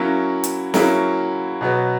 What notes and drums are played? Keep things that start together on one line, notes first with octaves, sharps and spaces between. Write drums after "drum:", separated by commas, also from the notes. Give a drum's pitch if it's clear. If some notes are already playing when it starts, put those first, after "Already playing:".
Already playing: F#3 A#3 C#4 E4
drum: hi-hat
F#3 A#3 C#4 E4, drum: snare
B2 F#3 B3